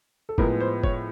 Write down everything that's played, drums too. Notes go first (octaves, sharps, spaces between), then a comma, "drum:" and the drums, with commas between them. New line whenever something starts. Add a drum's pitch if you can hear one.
A4
A2 F3 G#3 B3 A#4, drum: kick F#1
C5
C#5, drum: kick F#1